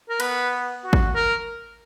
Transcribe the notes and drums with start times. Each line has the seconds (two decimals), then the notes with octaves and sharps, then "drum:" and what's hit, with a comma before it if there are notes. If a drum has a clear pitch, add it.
0.10 A#4
0.20 B3 B4, drum: cymbal
0.84 F#4
0.93 drum: kick
1.16 A#4